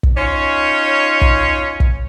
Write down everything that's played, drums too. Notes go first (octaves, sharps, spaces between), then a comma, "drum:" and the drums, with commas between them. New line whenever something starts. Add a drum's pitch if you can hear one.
drum: kick
C#4 D#4 F4 C#5
drum: kick
drum: kick